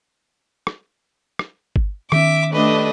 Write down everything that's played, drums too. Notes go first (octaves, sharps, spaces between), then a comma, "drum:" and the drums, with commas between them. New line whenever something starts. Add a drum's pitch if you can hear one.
drum: rim click
drum: rim click
drum: kick G1
D#3 B3 C#4 E5 D6, drum: rim click
A3 D4 G4 B4 D#5